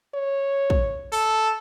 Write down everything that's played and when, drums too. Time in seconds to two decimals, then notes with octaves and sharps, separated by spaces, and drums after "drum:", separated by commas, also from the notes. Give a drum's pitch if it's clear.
0.15 C#5
0.70 drum: kick
1.12 A4, drum: open hi-hat